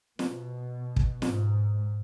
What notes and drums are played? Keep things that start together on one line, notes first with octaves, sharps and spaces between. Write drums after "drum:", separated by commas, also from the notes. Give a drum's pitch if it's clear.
B2, drum: snare
drum: kick
G#2, drum: snare